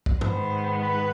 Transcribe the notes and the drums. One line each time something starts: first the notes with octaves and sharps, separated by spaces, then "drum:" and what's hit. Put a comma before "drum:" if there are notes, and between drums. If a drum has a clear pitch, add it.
drum: kick
G#2 D#3 G#3 B3 C5, drum: tom
B4